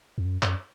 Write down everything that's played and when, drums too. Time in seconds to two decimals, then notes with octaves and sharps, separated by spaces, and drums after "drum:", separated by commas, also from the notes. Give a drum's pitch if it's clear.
0.18 F2
0.25 F#2
0.43 F#2, drum: clap